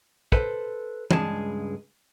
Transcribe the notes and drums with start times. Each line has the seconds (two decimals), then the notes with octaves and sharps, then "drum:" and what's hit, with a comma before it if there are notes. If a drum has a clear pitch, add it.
0.32 A4 B4 C5, drum: kick
1.11 C#2 G2 G#3 G#4 A5, drum: tom